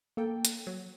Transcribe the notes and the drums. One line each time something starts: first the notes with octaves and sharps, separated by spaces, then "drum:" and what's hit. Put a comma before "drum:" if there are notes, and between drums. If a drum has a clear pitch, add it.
A#3 A4 G5
drum: hi-hat
F#3